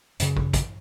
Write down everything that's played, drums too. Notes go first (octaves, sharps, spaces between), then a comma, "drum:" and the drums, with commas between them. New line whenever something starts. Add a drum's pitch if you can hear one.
F#2 C#3, drum: hi-hat
drum: kick
drum: kick, hi-hat